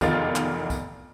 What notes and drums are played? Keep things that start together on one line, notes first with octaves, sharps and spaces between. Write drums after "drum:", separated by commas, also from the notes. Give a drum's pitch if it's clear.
F1 E2 D#3 F4 F5 A6, drum: kick C2, tambourine
drum: clap
drum: kick C2, tambourine